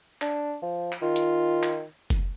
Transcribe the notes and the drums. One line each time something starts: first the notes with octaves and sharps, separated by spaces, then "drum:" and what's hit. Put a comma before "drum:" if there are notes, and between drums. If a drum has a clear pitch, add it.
D4, drum: clap
F3
drum: clap
D#3 F4
drum: hi-hat
drum: clap
drum: kick F#1, hi-hat